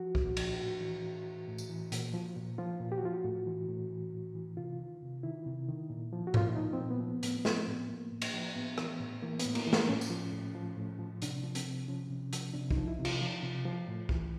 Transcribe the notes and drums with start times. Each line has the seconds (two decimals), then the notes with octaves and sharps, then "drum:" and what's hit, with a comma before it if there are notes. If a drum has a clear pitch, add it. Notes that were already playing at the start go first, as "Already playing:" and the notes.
Already playing: F3 F#4
0.15 A#2, drum: kick
0.37 F3, drum: cymbal
0.59 A2 F#4
0.81 E3
1.03 A2
1.25 E3
1.48 A2
1.58 drum: tambourine
1.70 E3
1.92 A#2, drum: hi-hat
2.14 F3
2.36 A#2
2.58 F3 F4
2.80 A#2
2.92 G4
2.98 F#4
3.03 F3 F4
3.13 F#4
3.24 A2
3.47 E3
3.68 A2
3.91 E3
4.13 A2
4.35 E3
4.57 C3 F4
4.79 D#3
5.02 C3
5.23 D#3 E4
5.46 C3
5.69 D#3
5.90 A#2
6.13 F3
6.27 F#4
6.34 A#2 F4, drum: tom G#2
6.47 E4
6.56 F3 D#4
6.73 C4
6.79 A#2
6.90 B3
7.00 F3
7.07 B3
7.23 A2 B3, drum: hi-hat
7.39 B3
7.45 F3, drum: snare
7.56 C4
7.67 A2
7.73 B3
7.89 F3 A#3
8.12 A2
8.22 drum: cymbal
8.33 F3
8.55 A2 B3
8.78 E3, drum: rim click
9.00 A2
9.22 E3 A#3
9.39 B3, drum: hi-hat
9.45 A2
9.55 A#3, drum: cymbal
9.67 E3
9.73 A#3, drum: snare
9.89 A2 C#4
10.01 drum: tambourine
10.10 F3
10.32 A2
10.55 F3
10.77 A2
10.99 F3
11.22 C3 D4, drum: hi-hat
11.43 F3
11.55 C4, drum: hi-hat
11.65 C3
11.88 F3 C#4
12.10 C3
12.33 F3, drum: hi-hat
12.54 C3 D4
12.71 D#4, drum: kick
12.76 F3
12.88 E4
12.99 C3
13.05 F4, drum: cymbal
13.21 F3
13.43 C3
13.65 F3
13.88 A2
14.09 E3, drum: kick